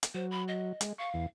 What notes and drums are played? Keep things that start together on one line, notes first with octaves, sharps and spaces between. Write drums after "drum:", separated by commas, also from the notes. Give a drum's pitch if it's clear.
drum: hi-hat
F#3 C5
B5
D#5
G#3, drum: hi-hat
F5 C#6
E2